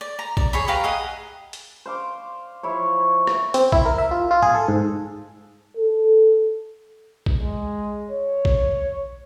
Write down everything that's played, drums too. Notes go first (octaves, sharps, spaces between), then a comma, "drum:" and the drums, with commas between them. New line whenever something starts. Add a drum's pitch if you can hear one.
D5
A#5
D5, drum: kick A#1
G#4 C#5 B5
G4 B4 F5 A#5
G#4 D#5 F#5
drum: hi-hat
C5 F5 D6
F3 E4 C#5
drum: rim click
C4, drum: hi-hat
E4, drum: kick A#1
A#4
E5
F4
F4
G#4, drum: tom A2
A4
G#2
A4
drum: kick A#1
G#3
C#5
drum: kick A#1